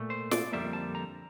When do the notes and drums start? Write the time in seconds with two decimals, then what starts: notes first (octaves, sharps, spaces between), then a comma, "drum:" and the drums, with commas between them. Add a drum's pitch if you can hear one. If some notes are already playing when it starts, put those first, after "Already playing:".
Already playing: A#2 A3
0.10 C5
0.31 D5, drum: snare
0.53 F2 D3 G3 A#3 E5
0.73 A5
0.95 A#5